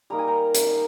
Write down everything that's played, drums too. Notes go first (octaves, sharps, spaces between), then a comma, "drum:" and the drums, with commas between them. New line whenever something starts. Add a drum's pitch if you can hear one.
G3 A#3 D#4 A#5
G#5
G5 A#5
drum: hi-hat